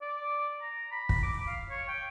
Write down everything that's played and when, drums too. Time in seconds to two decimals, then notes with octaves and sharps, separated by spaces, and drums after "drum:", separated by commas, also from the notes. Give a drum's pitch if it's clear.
0.02 D5
0.62 A#5
0.92 B5
1.09 drum: kick
1.23 D6
1.47 F5
1.70 C#5
1.88 G5